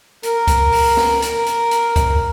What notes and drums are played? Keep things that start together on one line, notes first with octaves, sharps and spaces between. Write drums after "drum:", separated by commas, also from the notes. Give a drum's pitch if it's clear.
A#4, drum: hi-hat
drum: kick C#2, hi-hat
drum: open hi-hat
drum: snare
A#4, drum: hi-hat
drum: hi-hat
drum: hi-hat
drum: kick C#2, hi-hat